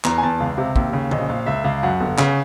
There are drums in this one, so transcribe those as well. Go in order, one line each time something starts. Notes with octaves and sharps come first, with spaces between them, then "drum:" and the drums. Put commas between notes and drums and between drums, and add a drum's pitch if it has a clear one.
E2 A#5, drum: clap
G#5
E2 A5
C#2 F5
C3
D#2, drum: kick
C#3
A#1 D#5, drum: tom D3
A#1 F5
F5
C#2 E5
C#2 F5
F#2 F#5
G1
C#3, drum: clap